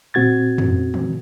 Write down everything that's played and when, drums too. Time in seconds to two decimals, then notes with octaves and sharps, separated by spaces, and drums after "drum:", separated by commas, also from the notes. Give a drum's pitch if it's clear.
0.14 A#2 C4 F#4 G#6 A6
0.58 drum: tom
0.94 drum: tom